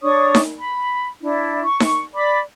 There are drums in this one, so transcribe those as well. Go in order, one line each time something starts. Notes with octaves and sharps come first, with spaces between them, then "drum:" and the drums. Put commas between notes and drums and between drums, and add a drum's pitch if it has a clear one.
D4 C#5 C#6 D#6
drum: snare D#4
B5
D4 E4
C#6
drum: snare D#4
D5 B5 D6